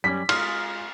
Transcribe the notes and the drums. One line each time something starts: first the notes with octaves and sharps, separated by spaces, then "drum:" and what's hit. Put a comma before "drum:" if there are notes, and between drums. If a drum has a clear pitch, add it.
F#2 G3 C#4 B6
G#3 F4 F6, drum: cymbal